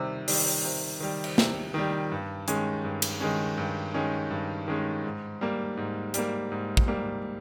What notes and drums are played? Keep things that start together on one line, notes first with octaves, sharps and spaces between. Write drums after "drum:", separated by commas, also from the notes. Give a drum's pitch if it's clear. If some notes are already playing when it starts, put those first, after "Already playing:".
Already playing: C3 D#3 G3
D#3 G3, drum: open hi-hat
C3
D#3 G3
drum: cymbal
C3, drum: snare
D#3 G3
G2
D#3 G#3 C#4, drum: hi-hat
G2
drum: cymbal
D#3 G#3 C#4
G2
D#3 G#3 C#4
G2
D#3 G#3 C#4
G#2
G3 A#3
G#2
G3 A#3, drum: hi-hat
G#2
drum: kick
G3 A#3